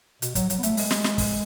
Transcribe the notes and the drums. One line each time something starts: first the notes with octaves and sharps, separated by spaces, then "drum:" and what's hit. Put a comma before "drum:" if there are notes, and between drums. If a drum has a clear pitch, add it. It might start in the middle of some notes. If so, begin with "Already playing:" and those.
B2, drum: hi-hat
F#3, drum: kick, hi-hat
F#3, drum: hi-hat
B3
A3, drum: hi-hat
G#3, drum: open hi-hat
drum: snare
drum: snare
drum: kick, open hi-hat